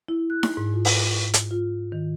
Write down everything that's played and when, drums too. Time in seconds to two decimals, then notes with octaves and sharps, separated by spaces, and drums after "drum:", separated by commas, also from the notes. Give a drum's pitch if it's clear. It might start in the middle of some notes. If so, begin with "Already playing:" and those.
0.08 E4
0.30 F#6
0.43 drum: snare D#4
0.57 G#2
0.74 F4
0.85 drum: open hi-hat
1.34 drum: hi-hat
1.51 F4
1.92 D#3